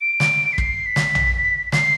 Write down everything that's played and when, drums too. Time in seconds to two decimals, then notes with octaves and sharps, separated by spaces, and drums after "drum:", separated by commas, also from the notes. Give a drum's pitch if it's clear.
0.01 D7
0.20 drum: snare
0.53 B6
0.58 C7, drum: kick
0.86 B6
0.96 drum: snare
1.15 drum: tom A#1
1.72 C7, drum: snare